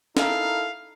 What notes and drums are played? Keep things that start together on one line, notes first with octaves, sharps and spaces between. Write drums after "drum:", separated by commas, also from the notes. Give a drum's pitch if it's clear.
D#4 E4 A4 A#4 F5, drum: snare